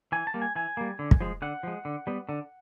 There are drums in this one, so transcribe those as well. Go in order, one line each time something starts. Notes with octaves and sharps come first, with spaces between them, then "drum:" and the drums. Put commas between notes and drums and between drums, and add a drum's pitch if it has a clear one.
E3 G#5
A5
G3 A#3
G#5
E3 G#5
G3 A#3
D3
drum: kick
F3 G#3
D3 F#5
F3 G#3
D3
G3 B3
D3